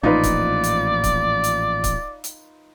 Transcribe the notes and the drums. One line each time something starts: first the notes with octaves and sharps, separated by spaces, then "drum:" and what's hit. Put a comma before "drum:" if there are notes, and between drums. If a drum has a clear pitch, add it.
A1 A#2 F3 D#4 F4 B4 D5
drum: kick C#1, hi-hat
drum: hi-hat
drum: kick C#1, hi-hat
drum: hi-hat
drum: kick C#1, hi-hat
drum: hi-hat